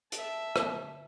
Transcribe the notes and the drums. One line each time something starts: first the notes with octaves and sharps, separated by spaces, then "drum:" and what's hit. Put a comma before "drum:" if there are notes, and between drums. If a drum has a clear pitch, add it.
E5 A5, drum: hi-hat
drum: rim click